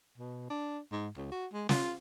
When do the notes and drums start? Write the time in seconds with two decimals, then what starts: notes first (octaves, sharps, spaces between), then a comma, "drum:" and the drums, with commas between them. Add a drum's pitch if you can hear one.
0.18 B2
0.50 D4
0.92 G#2
1.17 C#2
1.32 F#4
1.53 G#3
1.69 F4, drum: snare